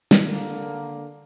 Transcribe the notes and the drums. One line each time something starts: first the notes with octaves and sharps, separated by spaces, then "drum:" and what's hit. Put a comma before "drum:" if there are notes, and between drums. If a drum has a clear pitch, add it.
drum: snare
D3 A#3